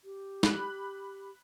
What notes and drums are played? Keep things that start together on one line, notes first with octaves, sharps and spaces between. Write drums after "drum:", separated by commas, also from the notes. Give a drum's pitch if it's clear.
G4
B5 F#6, drum: snare